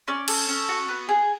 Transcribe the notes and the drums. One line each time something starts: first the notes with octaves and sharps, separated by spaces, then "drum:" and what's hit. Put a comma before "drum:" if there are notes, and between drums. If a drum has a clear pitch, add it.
C#4 D5
A4, drum: cymbal
C#4
F#4
B3
G#4